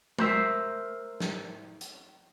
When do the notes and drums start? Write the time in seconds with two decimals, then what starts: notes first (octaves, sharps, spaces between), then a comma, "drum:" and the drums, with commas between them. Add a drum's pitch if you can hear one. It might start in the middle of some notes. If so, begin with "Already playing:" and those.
0.19 A#4 C5 E5, drum: tom G#3
1.20 drum: snare
1.81 drum: hi-hat